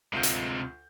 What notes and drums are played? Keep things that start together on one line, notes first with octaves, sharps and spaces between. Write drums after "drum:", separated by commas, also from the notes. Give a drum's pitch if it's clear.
D2 C3 G#3 F4 G6
drum: hi-hat